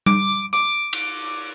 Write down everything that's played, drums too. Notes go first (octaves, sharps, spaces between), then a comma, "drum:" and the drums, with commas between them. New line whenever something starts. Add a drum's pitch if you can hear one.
D6, drum: tom G3
D6, drum: hi-hat
drum: cymbal